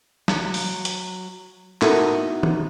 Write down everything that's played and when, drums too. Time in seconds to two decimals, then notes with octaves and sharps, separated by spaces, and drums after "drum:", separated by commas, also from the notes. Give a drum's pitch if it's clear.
0.28 F#3, drum: snare
0.54 drum: open hi-hat
0.85 drum: hi-hat
1.82 B3 D#4 E4 F#4 A4 A#4, drum: clap
2.43 drum: tom